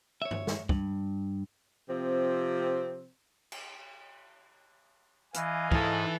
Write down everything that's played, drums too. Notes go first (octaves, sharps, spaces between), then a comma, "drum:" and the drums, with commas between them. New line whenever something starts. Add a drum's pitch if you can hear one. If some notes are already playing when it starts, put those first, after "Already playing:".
C#5 E5
drum: tom
drum: snare
G2, drum: kick
C3 F3 C4
drum: cymbal
E3 D#5 F5 G#5, drum: hi-hat
G#2 E3 E4 A4, drum: kick